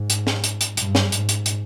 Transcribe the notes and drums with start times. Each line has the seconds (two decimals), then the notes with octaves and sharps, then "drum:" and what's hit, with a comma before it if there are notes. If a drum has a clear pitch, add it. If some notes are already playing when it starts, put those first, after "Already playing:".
Already playing: G#2
0.10 drum: hi-hat
0.27 drum: snare
0.44 drum: hi-hat
0.61 drum: hi-hat
0.77 G2, drum: hi-hat
0.95 drum: snare
1.12 G#2, drum: hi-hat
1.29 drum: hi-hat
1.46 drum: hi-hat